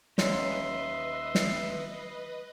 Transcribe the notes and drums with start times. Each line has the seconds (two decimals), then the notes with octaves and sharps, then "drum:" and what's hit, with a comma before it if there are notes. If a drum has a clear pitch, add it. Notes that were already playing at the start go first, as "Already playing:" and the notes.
0.18 D#2 C#4 B4 D#5 E5 C6, drum: snare
1.35 drum: snare